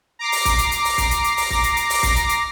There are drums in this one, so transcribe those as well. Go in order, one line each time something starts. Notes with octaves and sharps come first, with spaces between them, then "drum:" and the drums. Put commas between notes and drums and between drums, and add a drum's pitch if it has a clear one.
A#5 D6 A#6 C7
drum: open hi-hat
drum: kick, hi-hat
drum: hi-hat
drum: hi-hat
drum: open hi-hat
drum: kick, hi-hat
drum: hi-hat
drum: hi-hat
drum: open hi-hat
drum: kick
drum: hi-hat
drum: hi-hat
drum: open hi-hat
drum: kick, hi-hat
drum: hi-hat
drum: hi-hat